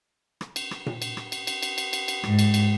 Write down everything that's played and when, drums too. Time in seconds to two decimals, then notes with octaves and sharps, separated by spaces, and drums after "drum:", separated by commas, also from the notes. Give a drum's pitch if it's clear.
0.41 drum: rim click
0.56 drum: cymbal
0.71 drum: rim click
0.86 drum: tom A#2
1.02 drum: cymbal
1.17 drum: rim click
1.32 drum: cymbal
1.47 drum: cymbal
1.63 drum: cymbal
1.78 drum: cymbal
1.93 drum: cymbal
2.08 drum: cymbal
2.23 G#2, drum: rim click
2.39 drum: cymbal
2.54 drum: cymbal